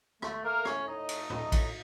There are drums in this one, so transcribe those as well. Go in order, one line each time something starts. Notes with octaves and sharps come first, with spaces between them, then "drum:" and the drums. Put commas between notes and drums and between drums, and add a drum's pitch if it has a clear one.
A3, drum: rim click
A3 A#3 A#4
A2 C#4 C#5, drum: rim click
A2 D#4 D#5
A3, drum: cymbal
A3, drum: tom
A2, drum: kick, cymbal